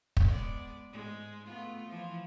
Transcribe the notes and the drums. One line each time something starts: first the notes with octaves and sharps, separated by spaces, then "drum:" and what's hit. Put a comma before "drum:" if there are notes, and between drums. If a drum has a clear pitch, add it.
drum: kick
G#3 B3 D5
G#2 G#3
A3 B3 F4
E3 F3